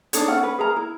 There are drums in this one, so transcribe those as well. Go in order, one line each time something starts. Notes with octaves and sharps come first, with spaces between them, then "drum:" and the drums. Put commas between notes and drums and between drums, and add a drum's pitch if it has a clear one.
D4 D#4 A4 C#5, drum: hi-hat
C#4 A4 F#5
B4
G#4 A#4 A#5
E4